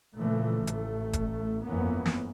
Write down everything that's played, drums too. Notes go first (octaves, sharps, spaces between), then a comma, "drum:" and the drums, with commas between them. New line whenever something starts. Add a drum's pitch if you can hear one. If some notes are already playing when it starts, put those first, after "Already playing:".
A#2 C#3 E3 F3 A3
A1 A3, drum: hi-hat
drum: kick F#1, hi-hat
G1 F2 E3 A#3 B3 C#4
drum: snare